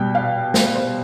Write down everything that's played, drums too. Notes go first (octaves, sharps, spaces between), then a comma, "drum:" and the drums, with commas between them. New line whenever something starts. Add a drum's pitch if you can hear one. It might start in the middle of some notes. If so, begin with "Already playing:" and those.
Already playing: B2 G3 G5
F5
C5, drum: snare
C5